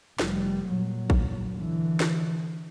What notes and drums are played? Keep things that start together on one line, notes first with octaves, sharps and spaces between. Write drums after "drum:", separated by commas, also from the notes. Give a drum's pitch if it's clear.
F1 G3, drum: snare
A#2 F#3
drum: kick A1
D3 E3
drum: snare